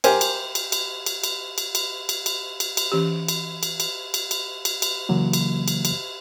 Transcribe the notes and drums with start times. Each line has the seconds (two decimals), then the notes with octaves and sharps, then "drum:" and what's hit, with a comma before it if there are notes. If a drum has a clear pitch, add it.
0.04 G4 A#4 C5 G#5, drum: cymbal
0.21 drum: cymbal
0.55 drum: cymbal
0.72 drum: cymbal
1.06 drum: cymbal
1.24 drum: cymbal
1.58 drum: cymbal
1.75 drum: cymbal
2.09 drum: cymbal
2.26 drum: cymbal
2.60 drum: cymbal
2.77 drum: cymbal
2.92 E3 C#4 G4
3.28 drum: cymbal
3.63 drum: cymbal
3.80 drum: cymbal
4.14 drum: cymbal
4.31 drum: cymbal
4.65 drum: cymbal
4.82 drum: cymbal
5.09 C#3 E3 F#3 A#3
5.33 drum: cymbal
5.68 drum: cymbal
5.85 drum: cymbal